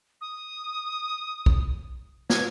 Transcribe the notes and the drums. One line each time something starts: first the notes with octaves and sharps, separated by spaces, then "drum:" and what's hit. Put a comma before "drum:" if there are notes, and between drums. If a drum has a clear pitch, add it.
D#6
drum: kick
G#6, drum: snare